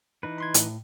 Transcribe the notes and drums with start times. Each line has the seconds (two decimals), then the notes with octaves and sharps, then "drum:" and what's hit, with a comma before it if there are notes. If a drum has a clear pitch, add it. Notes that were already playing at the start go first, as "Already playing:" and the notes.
0.23 E3 D#4 B4
0.38 B5 C6 G#6
0.54 A2, drum: hi-hat